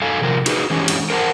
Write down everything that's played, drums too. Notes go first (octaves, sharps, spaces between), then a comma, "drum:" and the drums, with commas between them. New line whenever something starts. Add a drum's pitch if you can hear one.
F#2 F#3 A4 F5 G#5
C3 F3 A#4
D#4 F#4 G#4 B4, drum: cymbal
D3 E3 G#3 C#4 G4
drum: cymbal
A#4 C5 F#5 A5